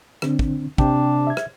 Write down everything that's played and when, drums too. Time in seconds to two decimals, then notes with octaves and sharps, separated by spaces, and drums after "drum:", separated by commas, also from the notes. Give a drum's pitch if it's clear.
0.22 D3 C4 D4, drum: rim click
0.39 drum: kick
0.78 C3 D4 G5, drum: kick
1.27 E5 G#6
1.37 drum: rim click